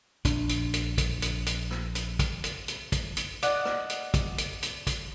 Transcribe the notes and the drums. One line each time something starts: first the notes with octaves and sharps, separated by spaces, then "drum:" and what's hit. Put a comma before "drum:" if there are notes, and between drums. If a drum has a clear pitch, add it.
A#1 D4, drum: kick, hi-hat
drum: hi-hat
drum: hi-hat
drum: kick, hi-hat
drum: hi-hat
drum: hi-hat
drum: rim click
drum: hi-hat
drum: kick, hi-hat
drum: hi-hat
drum: hi-hat
drum: kick, hi-hat
drum: hi-hat
D5 D#5 F#5, drum: hi-hat
drum: rim click
drum: hi-hat
drum: kick, hi-hat
drum: hi-hat
drum: hi-hat
drum: kick, hi-hat